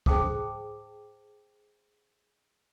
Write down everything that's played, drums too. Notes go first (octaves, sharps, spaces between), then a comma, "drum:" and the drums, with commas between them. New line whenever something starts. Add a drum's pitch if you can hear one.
G#4 C5 G5 A5 D6 D#6, drum: kick